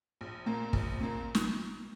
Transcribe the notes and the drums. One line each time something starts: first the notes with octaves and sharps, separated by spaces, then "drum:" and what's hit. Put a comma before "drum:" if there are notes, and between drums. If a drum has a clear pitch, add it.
A#1
A#2 A#3
A#1, drum: kick
A#2 A#3
drum: snare